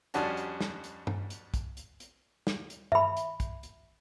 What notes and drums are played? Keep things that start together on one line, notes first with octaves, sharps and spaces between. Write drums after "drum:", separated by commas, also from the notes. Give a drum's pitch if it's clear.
F2 G3 C#4 D4 F#4 A5, drum: hi-hat
drum: hi-hat
drum: snare
drum: hi-hat
drum: tom G2
drum: hi-hat
drum: kick, hi-hat
drum: hi-hat
drum: hi-hat
drum: snare
drum: hi-hat
E5 B5, drum: tom G2
drum: hi-hat
drum: kick, hi-hat
drum: hi-hat